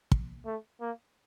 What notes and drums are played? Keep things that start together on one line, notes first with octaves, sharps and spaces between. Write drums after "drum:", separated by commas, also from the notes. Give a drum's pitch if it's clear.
drum: kick
A3
A#3